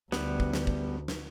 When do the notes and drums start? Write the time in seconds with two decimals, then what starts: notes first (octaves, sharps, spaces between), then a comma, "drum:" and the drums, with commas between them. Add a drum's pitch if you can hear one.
0.12 D2 G3 B3, drum: snare
0.40 drum: kick
0.54 drum: snare
0.67 drum: kick
1.08 drum: snare